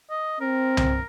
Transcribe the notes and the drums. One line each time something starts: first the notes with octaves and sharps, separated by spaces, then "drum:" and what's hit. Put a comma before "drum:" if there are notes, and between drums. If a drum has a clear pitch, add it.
D#5
C4 A#4
drum: tom C2